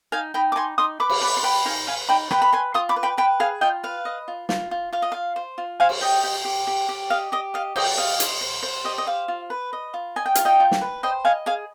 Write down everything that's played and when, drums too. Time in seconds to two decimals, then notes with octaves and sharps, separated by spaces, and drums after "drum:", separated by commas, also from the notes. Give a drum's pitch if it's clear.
0.12 D#4 F5 G#5
0.34 D#4 G5 B5
0.52 D6
0.56 D#4 G#5 C6
0.78 D#4 C6 D#6
1.00 B4 B5 D6
1.10 drum: cymbal
1.21 B4 B5 D6
1.37 C6
1.43 B4 G5 B5
1.65 D#4 F5 G#5
1.87 B4 F5 G#5
2.09 D#4 G5 B5
2.31 B4 G5 B5, drum: rim click
2.42 B5
2.53 B4 G#5 C6
2.74 F4 C6 D#6
2.89 B5 D6
2.96 B4
3.03 G5 B5
3.17 B4 G5 B5
3.40 G#4 F5 G#5
3.61 F4 D#5 G5
3.83 B4 F5
4.05 D#5
4.28 F4
4.49 F4, drum: snare
4.71 F4
4.93 F4 F5
5.02 D#5
5.12 F4 F5
5.36 C5
5.58 F4
5.80 C5 F5 G#5
5.89 drum: cymbal
6.01 G4 D#5 G5
6.24 G4
6.45 G4
6.67 G4
6.89 G4
7.10 D#5 F5
7.32 G4 D#5
7.54 D#5 F5
7.76 G4 D#5 G5, drum: cymbal
7.97 D#5 F5
8.20 C5, drum: hi-hat
8.41 C5
8.63 C5
8.84 G4 D#5
8.98 D#5
9.07 C5 F5
9.28 F4
9.50 B4
9.73 D#5
9.94 F4
10.16 D#5 G#5
10.26 G5
10.35 F4 F5, drum: hi-hat
10.45 D#5 G5
10.60 F4
10.71 drum: snare
10.81 B4
11.03 C5 D#5 G5
11.25 D#5 F5 G#5
11.46 G#4 F5 G#5